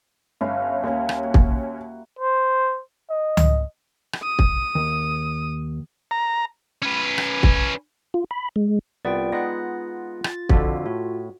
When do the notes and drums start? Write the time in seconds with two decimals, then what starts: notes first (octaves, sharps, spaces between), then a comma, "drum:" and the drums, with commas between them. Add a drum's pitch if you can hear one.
0.41 G1 C#4 E4 F5
0.83 D#2 G3 A#3 C#4
1.09 drum: rim click
1.23 F#4
1.34 drum: kick
2.19 C5
3.10 D#5
3.37 drum: tom C#2
4.13 drum: rim click
4.23 D#6
4.39 drum: kick
4.75 D#2
6.11 A#5
6.82 C#4 B4
7.18 drum: rim click
7.43 drum: kick
8.14 F4
8.31 B5
8.56 G#3
9.05 C2 B3 F4 D5 G5
9.32 G#3 B3 D#4 F#5 F#6 A#6
10.24 A6, drum: rim click
10.49 F2 D3 F#4 A4 F5, drum: kick
10.86 A2 F#4